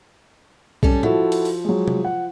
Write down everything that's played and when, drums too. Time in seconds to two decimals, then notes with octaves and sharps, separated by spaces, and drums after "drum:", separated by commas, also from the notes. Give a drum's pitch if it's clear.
0.83 G3 C#4 A4, drum: kick
1.03 F3 E4 F#4 A4, drum: tom
1.32 drum: cymbal
1.45 drum: open hi-hat
1.64 F#3 G#3
1.88 drum: tom
2.05 F#5